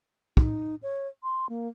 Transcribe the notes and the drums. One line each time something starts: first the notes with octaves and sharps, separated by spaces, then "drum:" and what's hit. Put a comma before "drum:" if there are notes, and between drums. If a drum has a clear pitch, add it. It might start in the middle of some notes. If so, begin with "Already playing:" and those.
D#4, drum: kick
C#5
C6
A#3